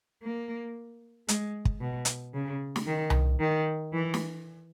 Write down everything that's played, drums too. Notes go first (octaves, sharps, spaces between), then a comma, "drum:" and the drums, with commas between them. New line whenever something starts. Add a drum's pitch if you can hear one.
A#3
G#3, drum: hi-hat
drum: kick
B2
drum: hi-hat
C#3
drum: snare
D#3
drum: tom C2
D#3
E3
drum: snare